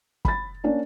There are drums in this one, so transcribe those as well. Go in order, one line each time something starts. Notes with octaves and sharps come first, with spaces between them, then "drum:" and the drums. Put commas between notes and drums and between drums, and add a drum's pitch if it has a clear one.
B5 A6, drum: kick
A#3 C#4 D4